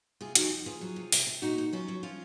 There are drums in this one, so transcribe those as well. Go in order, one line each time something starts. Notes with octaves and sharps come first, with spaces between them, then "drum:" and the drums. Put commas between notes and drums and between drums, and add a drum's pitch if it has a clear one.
C3 F4 G#4
F3 D#4 F#4, drum: hi-hat
F2
F2 F4 G#4
F#3
C3
C3, drum: open hi-hat
C3
A#2 D#4 F#4
A#2
F#3 C#4 F4
F#3
F3 C#4 F4